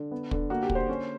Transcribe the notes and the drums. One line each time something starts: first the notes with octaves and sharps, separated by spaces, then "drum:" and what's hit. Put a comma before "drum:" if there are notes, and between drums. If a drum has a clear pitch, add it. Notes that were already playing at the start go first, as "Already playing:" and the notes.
Already playing: D3
B3
D3, drum: kick
A#3 F#4
G4
D3, drum: kick
C5
C#4